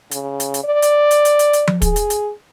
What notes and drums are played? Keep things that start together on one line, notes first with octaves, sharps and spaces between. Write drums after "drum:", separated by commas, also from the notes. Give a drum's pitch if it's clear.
C#3, drum: hi-hat
drum: hi-hat
drum: hi-hat
D5
drum: hi-hat
drum: hi-hat
drum: hi-hat
drum: hi-hat
drum: hi-hat
drum: tom F3
G#4, drum: kick, hi-hat
drum: hi-hat
drum: hi-hat